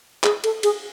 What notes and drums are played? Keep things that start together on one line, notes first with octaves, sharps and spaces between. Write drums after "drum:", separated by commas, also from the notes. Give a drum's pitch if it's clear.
G#4, drum: clap
A4, drum: cymbal
G#4, drum: cymbal